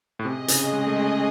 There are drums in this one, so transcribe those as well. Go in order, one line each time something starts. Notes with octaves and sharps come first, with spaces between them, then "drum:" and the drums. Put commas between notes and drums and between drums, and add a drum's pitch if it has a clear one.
A2
C3 C#4 G#4 D#5
C#3, drum: hi-hat
G#3
A3
G#3